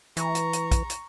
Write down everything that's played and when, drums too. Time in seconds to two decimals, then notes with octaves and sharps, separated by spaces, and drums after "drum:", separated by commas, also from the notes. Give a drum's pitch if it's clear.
0.17 E3 A#5 C#6, drum: hi-hat
0.35 drum: hi-hat
0.53 drum: hi-hat
0.71 drum: kick, hi-hat
0.90 drum: hi-hat